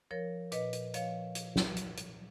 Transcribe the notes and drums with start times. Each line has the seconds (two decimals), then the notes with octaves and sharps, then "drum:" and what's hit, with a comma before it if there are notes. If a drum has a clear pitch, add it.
0.11 F3 A#4 C#5
0.52 A#2 B4 D#5, drum: hi-hat
0.73 drum: hi-hat
0.94 F3 C#5 F5, drum: hi-hat
1.35 drum: hi-hat
1.56 drum: snare
1.76 drum: hi-hat
1.97 drum: hi-hat